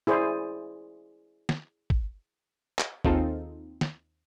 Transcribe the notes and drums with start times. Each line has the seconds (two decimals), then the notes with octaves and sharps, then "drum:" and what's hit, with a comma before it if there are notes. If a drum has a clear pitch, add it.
0.07 E4 G#4 C5 D5
1.49 drum: snare
1.90 drum: kick
2.79 drum: clap
3.05 D#2 C4 D#4 F4 G#4 A4, drum: kick
3.81 drum: snare